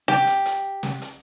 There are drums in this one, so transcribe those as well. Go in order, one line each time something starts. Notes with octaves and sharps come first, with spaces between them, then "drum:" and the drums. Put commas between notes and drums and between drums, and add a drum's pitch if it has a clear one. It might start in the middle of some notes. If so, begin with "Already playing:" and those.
G4, drum: snare
drum: hi-hat
drum: hi-hat
drum: snare
drum: hi-hat